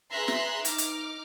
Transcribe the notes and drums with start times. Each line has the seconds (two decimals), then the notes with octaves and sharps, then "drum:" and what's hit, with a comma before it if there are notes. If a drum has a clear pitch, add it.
0.12 G#4 B4 E5 A#5 C6 F#6
0.28 drum: snare
0.65 D#4 D6 F6, drum: hi-hat
0.78 drum: hi-hat